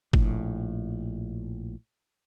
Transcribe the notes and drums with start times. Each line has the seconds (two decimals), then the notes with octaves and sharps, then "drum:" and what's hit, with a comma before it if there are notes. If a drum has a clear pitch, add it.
0.13 A#1 A2, drum: kick G1